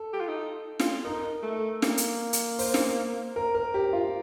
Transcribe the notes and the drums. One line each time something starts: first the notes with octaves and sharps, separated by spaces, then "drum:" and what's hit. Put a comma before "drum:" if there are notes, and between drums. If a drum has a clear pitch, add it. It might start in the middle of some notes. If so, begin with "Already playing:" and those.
Already playing: A4
G4
F4
D#4
F4, drum: snare
D#4 A#4
A3
A#3, drum: snare
drum: hi-hat
drum: hi-hat
C5, drum: open hi-hat
drum: snare
A#4
A#4
G4
F4